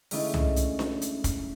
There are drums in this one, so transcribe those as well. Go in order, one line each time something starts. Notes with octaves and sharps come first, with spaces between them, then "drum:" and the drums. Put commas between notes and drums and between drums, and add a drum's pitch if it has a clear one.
D3 G#3 A3 C#4 D#4 E4, drum: open hi-hat
drum: tom
drum: hi-hat
drum: snare D4
drum: hi-hat
drum: kick, hi-hat